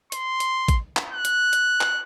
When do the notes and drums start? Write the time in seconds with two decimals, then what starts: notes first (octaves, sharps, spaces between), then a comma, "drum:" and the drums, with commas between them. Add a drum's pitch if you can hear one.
0.12 C6, drum: hi-hat
0.40 drum: hi-hat
0.68 drum: kick A1, hi-hat
0.97 drum: clap
1.13 F#6
1.25 drum: hi-hat
1.53 drum: hi-hat
1.81 drum: clap